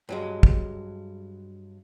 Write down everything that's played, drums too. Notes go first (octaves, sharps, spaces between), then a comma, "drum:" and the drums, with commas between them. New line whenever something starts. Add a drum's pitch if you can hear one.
G2 F#3 G#3
drum: kick